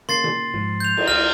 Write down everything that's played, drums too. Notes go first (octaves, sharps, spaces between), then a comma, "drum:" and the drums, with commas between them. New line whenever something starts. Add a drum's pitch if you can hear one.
C#3 A#3 C6 A6 C7
drum: tom B2
G#2 F3
G6 F7
drum: cymbal
C#2 F4 F6